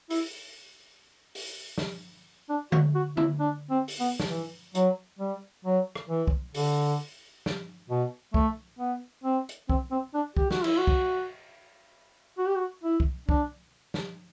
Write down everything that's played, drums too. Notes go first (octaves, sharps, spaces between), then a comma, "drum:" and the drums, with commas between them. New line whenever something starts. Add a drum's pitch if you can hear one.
E4, drum: open hi-hat
drum: open hi-hat
drum: snare
D4
F#4, drum: tom D3
F#4
E4, drum: tom D3
D4
C4
drum: open hi-hat
B3
drum: snare
E3
F#3, drum: hi-hat
G3
F#3
drum: rim click
E3
drum: kick
D3, drum: open hi-hat
drum: snare
B2
A3, drum: kick
B3
C4
drum: hi-hat
C4, drum: kick
C4
D4
G4, drum: kick
F#4, drum: snare
E4, drum: cymbal
F#4
drum: kick
F#4
G4
F#4
E4
drum: kick
D4, drum: kick
drum: snare